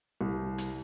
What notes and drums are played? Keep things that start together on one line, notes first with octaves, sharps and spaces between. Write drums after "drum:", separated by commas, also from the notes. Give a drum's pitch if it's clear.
C2
drum: hi-hat